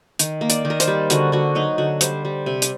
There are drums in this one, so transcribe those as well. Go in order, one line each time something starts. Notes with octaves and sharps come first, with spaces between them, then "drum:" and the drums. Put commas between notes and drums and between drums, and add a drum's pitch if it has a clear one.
D#3, drum: hi-hat
A#3
D5, drum: hi-hat
D#3
A#4
C5, drum: hi-hat
G3
D3 F#4, drum: hi-hat
D3 F#4
F#3 D#4
D3 F#4
G3 C5, drum: hi-hat
G3
C3
drum: hi-hat